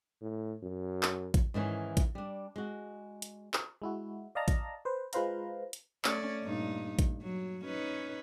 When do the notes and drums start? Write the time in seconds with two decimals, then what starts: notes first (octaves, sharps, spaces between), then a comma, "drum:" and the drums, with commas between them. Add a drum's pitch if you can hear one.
0.22 A2
0.63 F#2
1.03 drum: clap
1.34 drum: kick A1, hi-hat
1.54 G#2 D#3 E3 C#4
1.97 drum: kick A1, hi-hat
2.15 G3 D4
2.56 G#3 F#4
3.22 drum: hi-hat
3.54 drum: clap
3.82 G#3 E4 F#4
4.35 D5 D#5 F5 A5 A#5
4.48 drum: kick A1, hi-hat
4.85 B4 C5
5.13 G#3 F4 B4 C5 F5 A#5, drum: hi-hat
5.73 drum: hi-hat
6.04 A3 C#4 D5, drum: clap
6.43 G2 A#2 D#4
6.99 drum: kick A1, hi-hat
7.22 F#3
7.65 C#4 D#4 B4